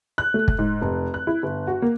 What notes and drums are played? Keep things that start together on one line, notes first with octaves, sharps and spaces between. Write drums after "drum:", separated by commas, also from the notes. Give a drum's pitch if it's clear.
F#6
A3
drum: kick
G#2
F1
F#6
E4
G1
F#4
A#3